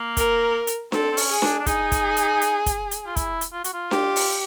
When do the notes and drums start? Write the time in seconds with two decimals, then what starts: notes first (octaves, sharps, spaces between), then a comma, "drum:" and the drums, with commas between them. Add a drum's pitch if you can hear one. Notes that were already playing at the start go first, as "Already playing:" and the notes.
Already playing: A#3
0.17 A#4, drum: kick, hi-hat
0.67 drum: hi-hat
0.92 C4 A4, drum: snare D4
1.12 C4
1.17 C#4, drum: open hi-hat
1.30 G#4
1.42 D4, drum: snare D4
1.60 D4
1.66 D#4 G#4, drum: kick, hi-hat
1.92 drum: kick, hi-hat
2.17 drum: hi-hat
2.41 drum: hi-hat
2.66 drum: kick, hi-hat
2.91 drum: hi-hat
3.07 F4
3.16 E4, drum: kick, hi-hat
3.41 drum: hi-hat
3.53 F4
3.64 F#4, drum: hi-hat
3.74 F4
3.91 G4, drum: snare D4
4.16 drum: open hi-hat